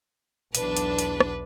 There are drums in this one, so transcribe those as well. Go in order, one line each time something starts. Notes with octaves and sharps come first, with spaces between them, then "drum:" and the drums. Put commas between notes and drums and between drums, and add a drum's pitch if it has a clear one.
B1 E2 D4 B4, drum: hi-hat
drum: hi-hat
drum: hi-hat
drum: rim click